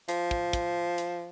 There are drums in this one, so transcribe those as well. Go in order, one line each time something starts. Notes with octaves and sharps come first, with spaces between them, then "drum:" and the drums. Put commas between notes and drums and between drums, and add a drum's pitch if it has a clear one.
F3, drum: hi-hat
drum: kick
drum: kick, hi-hat
drum: hi-hat